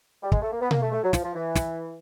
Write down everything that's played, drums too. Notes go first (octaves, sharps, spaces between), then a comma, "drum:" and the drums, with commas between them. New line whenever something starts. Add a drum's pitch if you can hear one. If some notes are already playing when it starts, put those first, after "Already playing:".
G3
G#3, drum: kick
A3
A#3
B3
A#3, drum: tom B2
A3
A3
F#3
F3, drum: snare
F3
E3
drum: snare